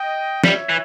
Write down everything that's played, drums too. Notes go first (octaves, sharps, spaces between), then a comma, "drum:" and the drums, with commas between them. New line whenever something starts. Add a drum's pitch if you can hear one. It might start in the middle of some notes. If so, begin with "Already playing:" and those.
Already playing: D#5 G5
G3 C#5 E5, drum: snare
E3